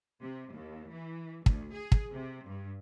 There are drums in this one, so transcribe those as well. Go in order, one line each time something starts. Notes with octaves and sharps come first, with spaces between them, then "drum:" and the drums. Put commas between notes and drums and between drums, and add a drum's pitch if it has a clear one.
C3
D#2
E3
D2, drum: kick
G#4
drum: kick
C3
G2